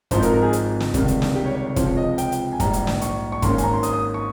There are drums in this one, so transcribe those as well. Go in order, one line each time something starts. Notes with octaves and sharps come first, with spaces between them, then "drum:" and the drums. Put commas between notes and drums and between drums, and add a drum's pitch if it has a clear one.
G#1 G#2 F3 C4 D#4 C5, drum: kick, hi-hat
A#4, drum: hi-hat
A#4
G#4
drum: hi-hat
drum: snare
C#2 C3 D#3 G3, drum: kick, hi-hat
drum: hi-hat
drum: snare
G4
C#5
C#5
C#5
C#2 C3 F3 C5, drum: kick, hi-hat
C#5
D#5
G5, drum: hi-hat
drum: hi-hat
G#5
A#1 G#2 G3 A#5, drum: kick, hi-hat
drum: hi-hat
drum: snare
C#6, drum: hi-hat
C#6
G#1 G#2 D#3 A#3 C#4 C6, drum: kick, hi-hat
G#5, drum: hi-hat
A#5
C6
D#6, drum: hi-hat
D#6
C#6